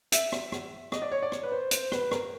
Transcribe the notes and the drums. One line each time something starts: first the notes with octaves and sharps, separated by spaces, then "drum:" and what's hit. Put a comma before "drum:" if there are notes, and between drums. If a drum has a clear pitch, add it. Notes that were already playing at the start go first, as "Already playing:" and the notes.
E5, drum: hi-hat
drum: rim click
drum: rim click
D#5, drum: rim click
D5
C#5
D5
C#5, drum: rim click
B4
C5
C5, drum: hi-hat
B4, drum: rim click
A#4, drum: rim click